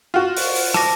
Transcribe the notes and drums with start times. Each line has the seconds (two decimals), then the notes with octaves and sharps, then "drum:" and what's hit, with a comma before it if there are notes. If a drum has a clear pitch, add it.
0.14 F4 F#4
0.37 drum: open hi-hat
0.56 drum: open hi-hat
0.74 A5 D6 A#6, drum: rim click